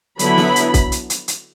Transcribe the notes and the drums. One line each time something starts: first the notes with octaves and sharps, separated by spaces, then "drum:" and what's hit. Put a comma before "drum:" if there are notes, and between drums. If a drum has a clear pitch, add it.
D3 F#3 B3 E4 B5, drum: hi-hat
drum: snare
drum: hi-hat
drum: kick, hi-hat
drum: hi-hat
drum: hi-hat
drum: hi-hat